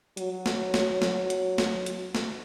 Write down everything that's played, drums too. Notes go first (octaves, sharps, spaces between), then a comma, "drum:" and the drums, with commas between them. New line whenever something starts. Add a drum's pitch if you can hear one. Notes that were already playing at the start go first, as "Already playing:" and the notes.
F#3, drum: hi-hat
drum: snare
drum: snare
F#3, drum: snare
drum: hi-hat
drum: snare
drum: hi-hat
drum: snare